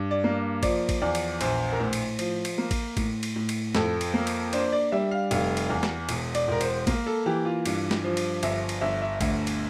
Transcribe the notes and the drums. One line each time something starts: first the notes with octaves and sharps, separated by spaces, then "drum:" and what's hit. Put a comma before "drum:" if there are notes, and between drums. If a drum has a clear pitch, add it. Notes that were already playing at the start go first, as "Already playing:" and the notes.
Already playing: G2
D5
A#3
F3 D5, drum: kick A1, cymbal
drum: kick A1, cymbal
E2 D5
drum: cymbal
A#1 C5, drum: cymbal
A#4
A2 C5
drum: cymbal
F3, drum: cymbal
drum: cymbal
A#3
drum: kick A1, cymbal
A2, drum: kick A1, cymbal
drum: cymbal
A2
drum: cymbal
F2 A4, drum: snare
drum: cymbal
A#3
drum: cymbal
D4 C5, drum: cymbal
D5
G3 E5
F5
F1 F5, drum: cymbal
drum: cymbal
E2
drum: snare
E1, drum: cymbal
D5, drum: cymbal
E1 A#4
C5, drum: cymbal
A#3, drum: kick A1, cymbal
A4
E3 G4
F4
G2, drum: cymbal
drum: snare
F3
drum: cymbal
G1 E5, drum: cymbal
drum: cymbal
G1 E5
E5
D2, drum: kick A1, cymbal
drum: cymbal